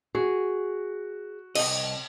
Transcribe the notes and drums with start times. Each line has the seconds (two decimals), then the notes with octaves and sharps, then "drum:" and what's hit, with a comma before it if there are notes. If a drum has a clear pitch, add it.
0.15 F#4 G#4
1.55 C2 D#5, drum: cymbal